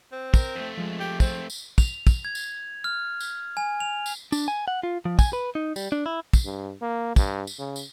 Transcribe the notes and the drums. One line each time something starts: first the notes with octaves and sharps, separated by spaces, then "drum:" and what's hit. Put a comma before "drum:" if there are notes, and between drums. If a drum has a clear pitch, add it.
C4
A#4, drum: kick, tambourine
F2 A3
F3 G#3
G4
C4, drum: kick, tambourine
drum: tambourine
F7, drum: kick, tambourine
drum: kick, tambourine
G#6
drum: tambourine
F6
drum: tambourine
G#5
F7
drum: tambourine
D4, drum: tambourine
G#5
F#5
F4
F3
G#5, drum: kick, tambourine
B4
D#4
G3, drum: tambourine
D4
E4
drum: kick, tambourine
G2
A#3
G2, drum: kick, tambourine
drum: tambourine
C#3
drum: tambourine